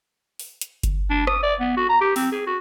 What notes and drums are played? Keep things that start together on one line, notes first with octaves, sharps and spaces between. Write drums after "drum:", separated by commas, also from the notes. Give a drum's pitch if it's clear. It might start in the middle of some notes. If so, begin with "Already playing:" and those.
drum: open hi-hat
drum: hi-hat
drum: kick G1, hi-hat
D4
D#6, drum: rim click
D5
B3
F#4
A#5
G4
C4, drum: open hi-hat
G#4
F#4